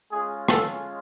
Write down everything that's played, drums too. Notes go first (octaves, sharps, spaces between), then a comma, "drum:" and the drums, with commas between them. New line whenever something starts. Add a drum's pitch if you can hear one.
G#3 C#4 F4 G#4
A4, drum: rim click